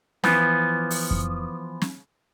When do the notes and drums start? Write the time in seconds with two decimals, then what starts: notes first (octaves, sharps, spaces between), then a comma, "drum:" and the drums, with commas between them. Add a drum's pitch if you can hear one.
0.24 E3 F3 B3, drum: snare
0.90 drum: open hi-hat
1.11 drum: kick F2
1.82 drum: snare